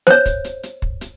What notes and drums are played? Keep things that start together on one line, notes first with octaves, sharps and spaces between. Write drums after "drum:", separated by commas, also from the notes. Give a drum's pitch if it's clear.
C5 C#5, drum: snare
drum: kick, hi-hat
drum: hi-hat
drum: hi-hat
drum: kick
drum: hi-hat